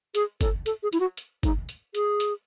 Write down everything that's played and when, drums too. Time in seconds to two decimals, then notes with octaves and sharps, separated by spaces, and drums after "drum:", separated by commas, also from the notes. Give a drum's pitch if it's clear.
0.15 G#4, drum: hi-hat
0.41 A4, drum: kick, hi-hat
0.66 A4, drum: hi-hat
0.83 G#4
0.93 E4, drum: hi-hat
1.00 F#4
1.17 drum: hi-hat
1.43 D#4, drum: kick, hi-hat
1.69 drum: hi-hat
1.95 G#4, drum: hi-hat
2.20 drum: hi-hat